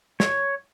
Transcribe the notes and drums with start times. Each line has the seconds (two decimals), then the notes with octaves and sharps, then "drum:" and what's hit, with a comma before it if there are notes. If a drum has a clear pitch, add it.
0.20 C#5, drum: snare